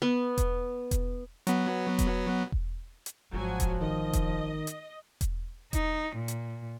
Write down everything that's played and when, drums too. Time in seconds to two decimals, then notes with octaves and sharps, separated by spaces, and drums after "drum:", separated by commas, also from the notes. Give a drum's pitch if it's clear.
0.02 B3
0.38 drum: kick E1, hi-hat
0.91 drum: kick E1, hi-hat
1.47 F#3 B3, drum: hi-hat
1.99 drum: kick E1, hi-hat
2.52 drum: kick E1
3.06 drum: hi-hat
3.33 G#1 D3 F3 F#3 F#4 G#5
3.60 drum: kick E1, hi-hat
3.80 D#3 D#5
4.13 drum: kick E1, hi-hat
4.67 drum: hi-hat
5.21 drum: kick E1, hi-hat
5.73 D#4, drum: kick E1, hi-hat
6.16 A#2
6.28 drum: hi-hat